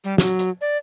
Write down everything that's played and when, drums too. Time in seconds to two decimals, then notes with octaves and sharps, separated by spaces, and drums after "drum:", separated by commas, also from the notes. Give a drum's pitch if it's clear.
0.04 G3
0.18 F#3, drum: snare
0.39 drum: hi-hat
0.61 D5